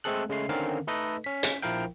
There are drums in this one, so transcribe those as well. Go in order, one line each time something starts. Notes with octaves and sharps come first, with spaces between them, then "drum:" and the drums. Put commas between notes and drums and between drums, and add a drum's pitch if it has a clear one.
G#3 A3 C4 G#4 A4 F#6
C#3 G#3 A3 C7
D3 D#3 C4 C#4 A#4 F5
A3 D#4 A4 B4 D#5
C#4 B6
drum: hi-hat
A#1 F3 E4 A#4 F5 G5